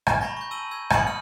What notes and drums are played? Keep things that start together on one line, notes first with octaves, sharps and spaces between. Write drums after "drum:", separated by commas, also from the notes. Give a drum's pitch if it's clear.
drum: rim click
G#5 A#5 B5 C#6 G#6 A#6
C#6 G6
A5 E6 D#7 F#7 G7
E6 G6 G#6
B5 D#6 E6 G6 C#7 F#7, drum: rim click
E6 F6 G6